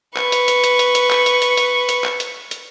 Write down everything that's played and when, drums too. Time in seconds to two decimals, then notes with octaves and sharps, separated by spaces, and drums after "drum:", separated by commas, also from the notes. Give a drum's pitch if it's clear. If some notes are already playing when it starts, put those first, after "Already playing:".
0.17 B4 C#6, drum: clap
0.32 drum: hi-hat
0.48 drum: hi-hat
0.64 drum: hi-hat
0.79 drum: hi-hat
0.95 drum: hi-hat
1.11 drum: clap
1.26 drum: hi-hat
1.42 drum: hi-hat
1.57 drum: hi-hat
1.89 drum: hi-hat
2.04 drum: clap
2.20 drum: hi-hat
2.51 drum: hi-hat